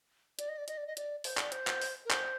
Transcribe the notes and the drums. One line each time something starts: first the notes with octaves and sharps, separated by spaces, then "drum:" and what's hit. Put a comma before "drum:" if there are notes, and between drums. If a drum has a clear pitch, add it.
D5, drum: hi-hat
D#5
D5
D#5, drum: hi-hat
D5
D#5
D5, drum: hi-hat
C5, drum: open hi-hat
D5, drum: clap
C5, drum: hi-hat
drum: clap
drum: open hi-hat
A#4
C5, drum: clap